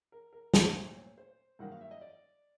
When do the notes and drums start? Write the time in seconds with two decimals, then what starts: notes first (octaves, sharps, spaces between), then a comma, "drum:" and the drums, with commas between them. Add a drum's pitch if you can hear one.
0.12 A#4
0.33 A#4
0.54 A#4, drum: snare
0.75 A#2 F#3 A3 C4 C5
0.97 C#5
1.18 C5
1.59 G2 D#3 F#3 A#3 F#5
1.72 F5
1.81 E5
1.91 D#5
2.01 D5